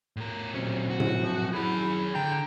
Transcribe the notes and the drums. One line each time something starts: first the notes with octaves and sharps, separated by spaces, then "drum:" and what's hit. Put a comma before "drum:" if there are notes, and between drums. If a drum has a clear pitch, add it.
A2 A#4
A#2 F#3 C4 C#4
F#4
drum: tom A2
F3
F#2 E4 G#4 B5
D3 G5 A#5